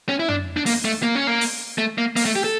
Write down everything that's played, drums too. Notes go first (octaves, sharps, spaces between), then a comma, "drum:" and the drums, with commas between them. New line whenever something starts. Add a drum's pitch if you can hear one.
C#4
E4
D4, drum: tom
D4
A#3, drum: open hi-hat
A3
A#3
C#4
A#3
drum: open hi-hat
A3
A#3
A#3, drum: open hi-hat
A3
G4
A4